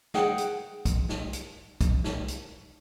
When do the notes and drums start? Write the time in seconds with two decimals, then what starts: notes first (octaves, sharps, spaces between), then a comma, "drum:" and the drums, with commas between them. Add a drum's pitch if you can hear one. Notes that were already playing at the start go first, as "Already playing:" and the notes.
0.14 G#4 F#5 G5, drum: snare
0.38 drum: hi-hat
0.85 drum: kick, hi-hat
1.09 drum: snare
1.33 drum: hi-hat
1.81 drum: kick, hi-hat
2.04 drum: snare
2.28 drum: hi-hat